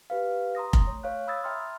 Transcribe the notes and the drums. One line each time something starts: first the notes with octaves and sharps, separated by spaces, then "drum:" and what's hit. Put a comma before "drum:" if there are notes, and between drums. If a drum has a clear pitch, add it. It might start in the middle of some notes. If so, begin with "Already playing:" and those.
G4 B4 F5
A#5 C6 D#6 A#6
drum: kick F1
A3 C#5
C#5 F5 F#6
B5 D#6 E6 G#6 A6
E5 G5 A#5 C6 F6